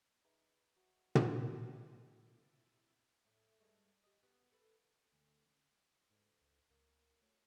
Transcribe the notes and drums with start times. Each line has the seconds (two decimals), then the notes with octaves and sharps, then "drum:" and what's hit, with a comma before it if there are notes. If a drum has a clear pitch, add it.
0.24 D#4 G#4 B4 E5
0.76 F#3
1.15 drum: tom
1.69 C3 E4 E6 A6 D7
3.25 A2
3.60 G2 G#3 A3
4.03 G4 D#5
4.23 B3 G4
4.52 A4 B4
5.12 D2
5.45 C#4
6.10 D2 G#2
6.42 C#2
6.70 C#2 A#3
7.22 F#3 A3